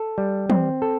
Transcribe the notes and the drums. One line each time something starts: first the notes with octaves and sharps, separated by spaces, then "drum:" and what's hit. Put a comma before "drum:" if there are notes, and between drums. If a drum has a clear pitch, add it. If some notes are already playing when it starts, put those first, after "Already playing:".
Already playing: A4
G3
C4, drum: tom
A4